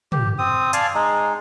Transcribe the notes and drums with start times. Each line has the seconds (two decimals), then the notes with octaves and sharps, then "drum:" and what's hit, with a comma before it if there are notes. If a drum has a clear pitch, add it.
0.12 G4, drum: tom
0.38 C4 D#6
0.73 D5 F5 G#5 A5, drum: hi-hat
0.95 G#3 D#4